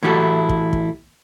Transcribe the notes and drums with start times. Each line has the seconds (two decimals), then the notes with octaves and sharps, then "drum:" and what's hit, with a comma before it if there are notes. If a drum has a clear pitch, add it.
0.03 A2 E3 E4 F#4 G4 A4
0.49 drum: kick
0.73 drum: kick